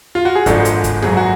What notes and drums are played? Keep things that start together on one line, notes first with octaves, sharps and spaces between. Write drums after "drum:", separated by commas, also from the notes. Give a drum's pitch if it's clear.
F4
F#4
G#4
G#1 G#2 F3 G#3 D4 A4, drum: kick, hi-hat
drum: hi-hat
drum: kick, hi-hat
G#1 G#2 F#3 G#4, drum: snare
F#4